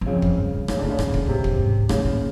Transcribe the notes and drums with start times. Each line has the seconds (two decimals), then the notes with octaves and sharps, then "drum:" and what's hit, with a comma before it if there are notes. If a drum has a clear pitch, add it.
0.01 F#2
0.06 F2 C#3
0.22 drum: kick
0.37 G2
0.68 A#2 C#3, drum: rim click
0.79 A2 D3
0.90 C#3
0.99 A#2, drum: rim click
1.14 A#2, drum: kick
1.28 A2 C3
1.44 drum: kick
1.59 G#2
1.89 A2 C#3, drum: rim click
2.05 A#2